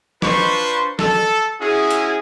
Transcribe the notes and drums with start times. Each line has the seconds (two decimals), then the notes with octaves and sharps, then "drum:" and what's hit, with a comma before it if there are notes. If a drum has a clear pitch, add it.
0.22 D4 F4 B4 C5 C6 C#6, drum: snare
0.99 A4, drum: snare
1.61 C#4 E4 F#4 G#4
1.91 drum: hi-hat